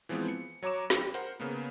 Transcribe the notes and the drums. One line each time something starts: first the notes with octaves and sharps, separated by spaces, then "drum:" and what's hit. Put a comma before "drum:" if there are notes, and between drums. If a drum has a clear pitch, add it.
E3 F3 G#3 B3 C4
C#7
F#3 C#5 A#5 D6 E7
G4, drum: snare
A#4 C5 F#5, drum: hi-hat
C#3 A#3 B3